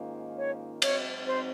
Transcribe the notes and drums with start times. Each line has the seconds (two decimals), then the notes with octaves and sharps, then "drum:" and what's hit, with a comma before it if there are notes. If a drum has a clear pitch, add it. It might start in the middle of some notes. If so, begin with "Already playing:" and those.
Already playing: G#2 D#3 A#3 C#4 F4
0.37 C#5
0.82 G#2 F#3 C4 C#5, drum: cymbal
1.26 C5